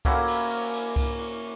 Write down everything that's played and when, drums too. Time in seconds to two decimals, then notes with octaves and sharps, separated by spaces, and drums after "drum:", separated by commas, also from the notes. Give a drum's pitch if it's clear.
0.05 A#3 C#4 E4 F#4, drum: kick C2, cymbal
0.28 drum: cymbal
0.51 drum: cymbal
0.73 drum: cymbal
0.96 drum: kick C2, cymbal
1.19 drum: cymbal